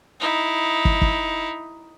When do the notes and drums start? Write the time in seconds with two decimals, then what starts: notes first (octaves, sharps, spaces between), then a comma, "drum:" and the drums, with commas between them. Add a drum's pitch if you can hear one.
0.20 D#4 E4
0.85 drum: kick
1.02 drum: kick